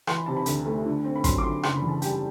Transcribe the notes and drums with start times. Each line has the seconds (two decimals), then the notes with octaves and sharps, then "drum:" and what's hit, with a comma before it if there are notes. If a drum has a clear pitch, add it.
0.07 E3 C6, drum: rim click
0.17 B5
0.26 C3 A5
0.36 B5
0.46 D2, drum: hi-hat
0.66 A3
0.85 D3
1.04 C4
1.16 B5
1.24 F#3 C6, drum: kick, hi-hat
1.38 D6
1.44 D3 C6
1.63 F#1 C6, drum: rim click
1.76 B5
1.82 E2
1.89 A5
2.02 G3 G5, drum: hi-hat
2.10 A5